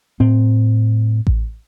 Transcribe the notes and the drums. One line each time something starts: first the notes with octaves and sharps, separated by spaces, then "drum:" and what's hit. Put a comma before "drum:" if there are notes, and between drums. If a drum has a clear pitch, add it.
A2 C4
drum: kick A1